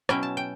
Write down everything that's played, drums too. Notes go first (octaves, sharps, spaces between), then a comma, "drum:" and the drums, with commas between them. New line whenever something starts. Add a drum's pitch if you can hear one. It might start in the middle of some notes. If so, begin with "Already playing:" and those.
B2 F#3 C#4 E4 G5, drum: rim click
A5
G5